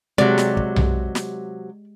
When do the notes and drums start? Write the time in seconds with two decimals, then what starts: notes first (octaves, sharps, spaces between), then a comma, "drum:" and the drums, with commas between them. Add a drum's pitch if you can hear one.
0.18 C3 F#3 G#3 G4 D5
0.38 drum: snare
0.57 drum: kick
0.76 drum: tom B1
1.15 drum: snare